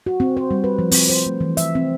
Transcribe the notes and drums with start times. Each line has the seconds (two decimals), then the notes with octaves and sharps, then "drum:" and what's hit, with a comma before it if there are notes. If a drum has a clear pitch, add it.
0.06 F#4
0.20 C4
0.37 C5
0.51 G3
0.64 B4
0.79 F3
0.92 C4, drum: open hi-hat
1.09 C5
1.26 A3
1.41 E3
1.57 E5, drum: hi-hat
1.75 C4